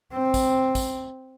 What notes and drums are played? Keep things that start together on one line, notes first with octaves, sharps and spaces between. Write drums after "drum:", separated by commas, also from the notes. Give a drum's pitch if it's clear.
C4
drum: kick, tambourine
drum: kick, tambourine